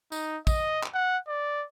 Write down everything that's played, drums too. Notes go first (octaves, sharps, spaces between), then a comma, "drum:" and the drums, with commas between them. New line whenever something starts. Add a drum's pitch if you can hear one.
D#4, drum: tambourine
D#5, drum: kick, tambourine
drum: clap
F#5
D5